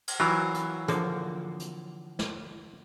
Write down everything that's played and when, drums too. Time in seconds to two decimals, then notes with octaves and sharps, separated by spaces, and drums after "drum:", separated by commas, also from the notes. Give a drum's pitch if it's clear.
0.08 drum: cymbal
0.20 E3 F#3 F4 A#4
0.54 drum: hi-hat
0.88 D3 F3 A#3, drum: hi-hat
1.60 drum: hi-hat
2.19 drum: snare